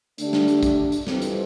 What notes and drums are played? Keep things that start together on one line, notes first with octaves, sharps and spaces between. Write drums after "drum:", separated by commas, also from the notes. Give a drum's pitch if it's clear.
D3 A3 D4 G4, drum: hi-hat
drum: snare
drum: hi-hat
drum: kick, hi-hat
drum: hi-hat
F2 E3 G3 C4, drum: snare
drum: hi-hat